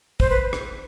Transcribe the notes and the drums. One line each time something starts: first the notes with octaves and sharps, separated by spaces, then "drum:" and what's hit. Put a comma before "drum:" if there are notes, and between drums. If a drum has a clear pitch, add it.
C5, drum: kick
B4
drum: rim click